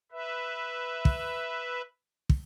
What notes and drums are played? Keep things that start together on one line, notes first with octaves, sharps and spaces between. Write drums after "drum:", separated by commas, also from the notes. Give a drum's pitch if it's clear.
B4 E5
drum: kick
drum: kick